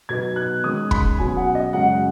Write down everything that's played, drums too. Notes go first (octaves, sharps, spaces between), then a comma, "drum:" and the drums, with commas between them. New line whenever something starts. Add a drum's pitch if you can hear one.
B2 F#3 B3 D#4 G#6
F#6
D#3 G#3 C#4 D#6
B5, drum: kick
B2 F#3 C#4 G#5
F#5
D#5
F#2 C#3 G#3 C#4 F#5